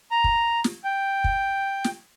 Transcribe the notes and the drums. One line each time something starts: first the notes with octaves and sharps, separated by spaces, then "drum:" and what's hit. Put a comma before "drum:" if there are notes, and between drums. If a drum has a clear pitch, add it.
A#5
drum: kick
drum: snare
G5
drum: kick
drum: snare